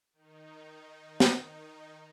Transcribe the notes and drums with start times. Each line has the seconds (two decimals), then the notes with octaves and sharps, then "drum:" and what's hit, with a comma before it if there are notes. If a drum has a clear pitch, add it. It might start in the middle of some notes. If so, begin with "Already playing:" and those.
0.13 D#3 D#4
1.20 drum: snare